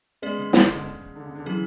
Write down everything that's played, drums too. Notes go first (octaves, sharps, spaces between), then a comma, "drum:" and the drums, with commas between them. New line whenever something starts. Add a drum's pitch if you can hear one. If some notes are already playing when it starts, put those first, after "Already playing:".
G#3 B3 C#4 G#4 D5
C#3
C#3, drum: snare
D3
C#3
D3
C#3
D3
C#3 E3 F#3 C#4 G#4